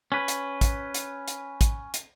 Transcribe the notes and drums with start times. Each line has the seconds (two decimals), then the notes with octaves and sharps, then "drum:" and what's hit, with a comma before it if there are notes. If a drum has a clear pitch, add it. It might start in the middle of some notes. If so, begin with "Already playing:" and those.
0.12 C#4 B4
0.28 drum: hi-hat
0.61 drum: kick, hi-hat
0.94 drum: hi-hat
1.28 drum: hi-hat
1.61 drum: kick, hi-hat
1.94 drum: hi-hat